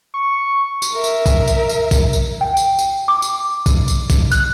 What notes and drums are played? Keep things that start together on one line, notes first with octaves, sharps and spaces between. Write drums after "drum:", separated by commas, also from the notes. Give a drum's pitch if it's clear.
C#6
drum: tambourine
A#4 E5
drum: tambourine
drum: kick, tambourine
drum: tambourine
drum: tambourine
drum: kick, tambourine
drum: tambourine
G5
drum: tambourine
drum: tambourine
D6
drum: tambourine
drum: kick, tambourine
drum: tambourine
drum: kick, tambourine
F#6, drum: tambourine